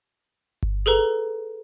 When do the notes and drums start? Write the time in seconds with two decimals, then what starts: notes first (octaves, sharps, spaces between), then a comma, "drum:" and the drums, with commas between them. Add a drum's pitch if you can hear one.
0.63 drum: kick G1
0.86 G#4 A4 B4 A#5